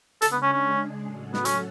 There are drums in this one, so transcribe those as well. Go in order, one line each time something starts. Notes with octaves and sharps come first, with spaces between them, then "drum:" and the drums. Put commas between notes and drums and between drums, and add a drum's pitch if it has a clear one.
C#3 G#3 D4 G#4 A4, drum: hi-hat
B3
C#4
C#4
A2 F#3 C#4 F#4 A4
B3, drum: snare
C#4, drum: hi-hat